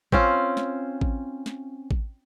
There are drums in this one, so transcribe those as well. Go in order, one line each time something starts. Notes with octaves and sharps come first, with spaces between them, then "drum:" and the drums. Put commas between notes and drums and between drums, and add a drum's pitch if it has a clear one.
C4 C#4 F4, drum: kick A1
drum: snare
drum: kick A1
drum: snare
drum: kick A1